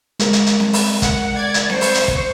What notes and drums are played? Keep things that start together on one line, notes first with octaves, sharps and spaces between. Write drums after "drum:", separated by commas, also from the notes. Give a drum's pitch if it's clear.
G#3 A#4, drum: hi-hat
drum: hi-hat
drum: hi-hat
drum: snare C4
drum: open hi-hat
F#5, drum: kick, hi-hat
D5 G#6
drum: hi-hat
C5 C#6, drum: snare C4
drum: open hi-hat
drum: hi-hat
drum: kick